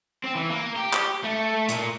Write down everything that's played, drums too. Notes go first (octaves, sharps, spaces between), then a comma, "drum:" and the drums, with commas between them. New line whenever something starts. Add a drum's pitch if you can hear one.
C4
E3
A#3
G4
drum: clap
A3
A#2, drum: hi-hat